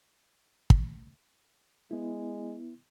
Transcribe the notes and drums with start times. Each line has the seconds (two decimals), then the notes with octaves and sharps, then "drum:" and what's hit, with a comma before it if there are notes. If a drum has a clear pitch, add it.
0.70 drum: kick
1.91 G#3 B3 E4